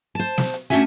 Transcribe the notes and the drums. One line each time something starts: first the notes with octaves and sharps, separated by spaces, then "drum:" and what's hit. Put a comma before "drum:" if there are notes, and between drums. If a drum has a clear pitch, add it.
C5 A5
drum: snare
drum: hi-hat
A3 C#4 D4 F#4 E5 G#5, drum: hi-hat